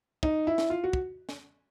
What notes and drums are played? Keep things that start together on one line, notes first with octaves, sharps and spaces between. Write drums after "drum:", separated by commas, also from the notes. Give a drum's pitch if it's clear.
D#4, drum: kick
E4
drum: snare
F4
F#4
drum: kick
drum: snare